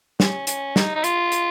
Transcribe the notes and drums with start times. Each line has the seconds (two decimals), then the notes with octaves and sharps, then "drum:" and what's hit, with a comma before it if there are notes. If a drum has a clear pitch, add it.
0.20 C#4, drum: snare
0.47 C#4, drum: hi-hat
0.76 D#4, drum: snare
0.95 D#4
1.04 F4, drum: hi-hat
1.32 drum: hi-hat